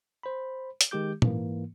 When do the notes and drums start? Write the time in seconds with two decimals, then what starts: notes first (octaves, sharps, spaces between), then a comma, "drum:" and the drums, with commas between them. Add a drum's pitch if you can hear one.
0.23 C5 B5
0.81 drum: hi-hat
0.91 D#3 G#3 G4 D6 G6
1.22 G#2 E3 A#3, drum: tom